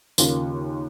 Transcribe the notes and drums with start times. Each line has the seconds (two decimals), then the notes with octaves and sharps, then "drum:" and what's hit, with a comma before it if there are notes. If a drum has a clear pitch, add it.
0.18 D#2 C#3 A#3 C#4 F4, drum: tambourine